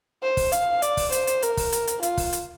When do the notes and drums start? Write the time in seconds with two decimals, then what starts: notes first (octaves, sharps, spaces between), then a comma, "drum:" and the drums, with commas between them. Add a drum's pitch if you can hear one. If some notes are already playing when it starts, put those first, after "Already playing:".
0.23 C5
0.37 drum: kick, open hi-hat
0.52 F5, drum: hi-hat
0.82 D5, drum: hi-hat
0.97 drum: kick, open hi-hat
1.12 C5, drum: hi-hat
1.27 drum: hi-hat
1.42 A#4, drum: hi-hat
1.57 drum: kick, open hi-hat
1.72 drum: hi-hat
1.87 drum: hi-hat
2.03 F4, drum: hi-hat
2.17 drum: kick, open hi-hat
2.33 drum: hi-hat